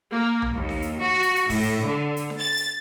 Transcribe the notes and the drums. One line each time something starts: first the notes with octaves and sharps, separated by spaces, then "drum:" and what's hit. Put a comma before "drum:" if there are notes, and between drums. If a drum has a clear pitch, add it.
A#3
drum: tom B1
D#2
drum: snare D4
drum: hi-hat
F#4
drum: hi-hat
drum: hi-hat
A2, drum: kick, open hi-hat
drum: hi-hat
D3
drum: hi-hat
drum: snare D4
A6
drum: hi-hat